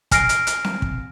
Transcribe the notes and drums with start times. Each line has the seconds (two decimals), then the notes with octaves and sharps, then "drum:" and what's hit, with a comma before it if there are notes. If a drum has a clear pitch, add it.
0.11 G#5 F6 A#6 C7 D7, drum: kick, hi-hat
0.29 drum: hi-hat
0.47 drum: hi-hat
0.64 drum: snare C4
0.82 drum: kick